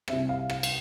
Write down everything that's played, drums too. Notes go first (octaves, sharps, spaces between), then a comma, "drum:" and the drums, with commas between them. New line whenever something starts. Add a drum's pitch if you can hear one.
C2 C3 G3 C4 E5, drum: rim click
F5
F5, drum: rim click
drum: cymbal